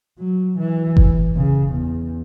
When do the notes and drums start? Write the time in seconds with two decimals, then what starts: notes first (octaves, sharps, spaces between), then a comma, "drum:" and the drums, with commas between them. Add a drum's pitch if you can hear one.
0.19 F#3
0.59 E3
0.97 drum: kick F#1
1.36 C#3
1.74 E2